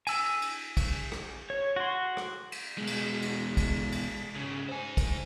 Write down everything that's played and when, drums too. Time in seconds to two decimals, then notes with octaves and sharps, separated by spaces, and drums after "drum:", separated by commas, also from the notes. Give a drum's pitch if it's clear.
0.07 G#5 E6, drum: cymbal
0.42 drum: cymbal
0.77 drum: kick, cymbal
1.12 drum: rim click
1.50 C#5
1.76 F#4 C6
2.17 drum: rim click
2.52 drum: cymbal
2.78 B2 G#3
2.87 drum: cymbal
3.22 drum: cymbal
3.57 drum: kick, cymbal
3.92 drum: cymbal
4.36 G#2 C#3
4.69 C5 G#5
4.97 drum: kick, cymbal